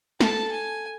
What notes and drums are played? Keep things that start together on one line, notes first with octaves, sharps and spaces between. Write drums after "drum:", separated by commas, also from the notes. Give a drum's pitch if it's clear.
A4 A5, drum: snare
G#5